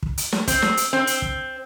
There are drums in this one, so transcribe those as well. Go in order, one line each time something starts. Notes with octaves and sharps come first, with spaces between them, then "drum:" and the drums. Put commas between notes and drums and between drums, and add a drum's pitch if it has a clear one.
drum: kick
drum: hi-hat
drum: snare
C4, drum: kick, hi-hat
drum: snare
drum: hi-hat
C4
drum: hi-hat
drum: kick